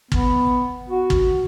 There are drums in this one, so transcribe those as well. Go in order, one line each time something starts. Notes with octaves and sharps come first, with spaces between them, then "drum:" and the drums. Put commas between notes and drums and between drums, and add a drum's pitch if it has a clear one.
B3, drum: kick
F#4
drum: kick